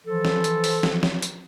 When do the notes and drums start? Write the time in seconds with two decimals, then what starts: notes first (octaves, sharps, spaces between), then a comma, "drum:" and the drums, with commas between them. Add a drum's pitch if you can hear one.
0.05 E3 F3 A4
0.25 drum: snare
0.44 drum: hi-hat
0.64 drum: open hi-hat
0.83 drum: snare
1.03 drum: snare
1.22 drum: hi-hat